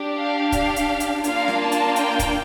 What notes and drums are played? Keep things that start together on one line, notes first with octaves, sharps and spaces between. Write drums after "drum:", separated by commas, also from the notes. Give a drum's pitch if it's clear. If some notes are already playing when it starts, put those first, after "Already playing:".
Already playing: D4 G4
F5
drum: kick, hi-hat
drum: hi-hat
drum: hi-hat
A#3 D4 F4 F5, drum: hi-hat
drum: snare
A5
drum: hi-hat
G5, drum: hi-hat
drum: kick, hi-hat